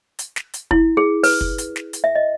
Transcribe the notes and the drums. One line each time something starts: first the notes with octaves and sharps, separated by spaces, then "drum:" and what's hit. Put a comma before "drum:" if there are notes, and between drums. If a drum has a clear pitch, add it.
drum: hi-hat
drum: snare
drum: hi-hat
E4, drum: kick
G#4
B4, drum: open hi-hat
drum: kick
drum: hi-hat
drum: snare
drum: hi-hat
E5
D#5